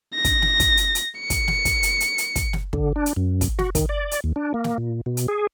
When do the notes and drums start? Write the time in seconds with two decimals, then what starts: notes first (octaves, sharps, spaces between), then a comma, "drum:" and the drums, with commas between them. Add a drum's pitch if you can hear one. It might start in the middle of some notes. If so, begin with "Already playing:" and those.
0.15 A#6
0.24 drum: kick, hi-hat
0.42 drum: snare
0.60 drum: kick, hi-hat
0.77 drum: hi-hat
0.95 drum: hi-hat
1.20 C#7
1.30 drum: kick, hi-hat
1.48 drum: snare
1.65 drum: kick, hi-hat
1.83 drum: hi-hat
2.00 drum: hi-hat
2.18 drum: hi-hat
2.36 drum: kick, hi-hat
2.53 drum: snare
2.73 D3, drum: kick
2.96 D4
3.06 drum: hi-hat
3.16 F#2
3.41 drum: kick, hi-hat
3.59 F#4, drum: snare
3.75 D#3, drum: kick, hi-hat
3.89 D5
4.11 drum: hi-hat
4.24 D#2
4.36 D4
4.54 A#3
4.64 drum: snare
4.78 A#2
5.06 B2
5.17 drum: hi-hat
5.28 G#4